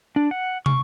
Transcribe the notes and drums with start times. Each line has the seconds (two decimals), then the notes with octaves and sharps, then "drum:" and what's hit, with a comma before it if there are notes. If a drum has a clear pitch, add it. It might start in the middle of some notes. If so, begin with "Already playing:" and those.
0.16 D4
0.31 F#5
0.66 C#6, drum: tom